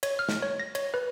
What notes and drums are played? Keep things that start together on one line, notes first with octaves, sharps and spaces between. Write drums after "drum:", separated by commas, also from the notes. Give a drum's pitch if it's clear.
C#5, drum: cymbal
F6
drum: snare
C#5
A#6
C#5, drum: cymbal
B4